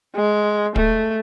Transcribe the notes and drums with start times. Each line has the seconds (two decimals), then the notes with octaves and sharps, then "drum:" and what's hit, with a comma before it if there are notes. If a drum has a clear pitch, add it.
0.16 G#3
0.76 A3, drum: kick